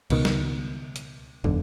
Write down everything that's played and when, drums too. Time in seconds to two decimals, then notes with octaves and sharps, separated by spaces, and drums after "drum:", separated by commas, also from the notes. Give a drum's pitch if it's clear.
0.10 C#2 B2 D#3, drum: cymbal
0.25 drum: snare
0.96 drum: hi-hat
1.44 E1 B1 D3, drum: tom